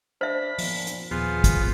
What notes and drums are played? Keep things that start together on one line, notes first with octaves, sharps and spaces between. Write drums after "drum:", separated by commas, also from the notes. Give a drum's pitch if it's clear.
D4 C5 E5 B5
A#2 F3 B3, drum: open hi-hat
drum: hi-hat
D#1 F3 B3 F4 G#4
drum: kick, hi-hat